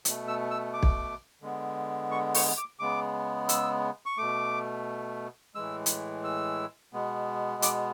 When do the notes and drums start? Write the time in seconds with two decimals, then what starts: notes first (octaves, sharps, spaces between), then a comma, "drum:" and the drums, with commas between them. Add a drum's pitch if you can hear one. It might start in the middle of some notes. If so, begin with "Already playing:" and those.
0.05 B2 A3, drum: hi-hat
0.28 E6
0.51 E6
0.73 D6
0.83 drum: kick
1.42 D3 G#3 B3
2.11 C#6
2.34 C#6, drum: open hi-hat
2.57 D6
2.79 C#3 G#3 B3 D6
3.49 E6, drum: hi-hat
4.06 C#6
4.17 B2 A3 D6
5.55 A2 E3 G#3 E6
5.86 drum: hi-hat
6.24 E6
6.93 B2 G#3 B3
7.62 D6, drum: hi-hat